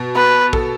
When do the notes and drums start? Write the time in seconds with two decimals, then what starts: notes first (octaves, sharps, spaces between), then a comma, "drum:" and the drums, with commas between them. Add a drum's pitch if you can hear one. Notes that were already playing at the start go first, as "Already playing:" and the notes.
Already playing: B2
0.15 B3 B4
0.53 A4, drum: kick